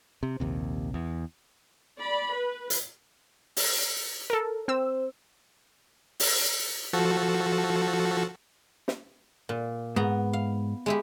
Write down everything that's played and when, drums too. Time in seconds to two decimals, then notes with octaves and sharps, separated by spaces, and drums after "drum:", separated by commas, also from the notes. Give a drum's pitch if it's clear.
0.23 C3
0.40 A#1 D#2 C3
0.94 E2
2.00 D5 B5
2.36 B4
2.70 drum: hi-hat
3.57 drum: open hi-hat
4.30 A4 A#4
4.68 C4 C5 E6
6.20 drum: open hi-hat
6.93 F3 F#4 A4
8.88 drum: snare
9.49 A#2
9.96 G#2 B3 A#5
10.33 F5
10.86 G#3 E4 G4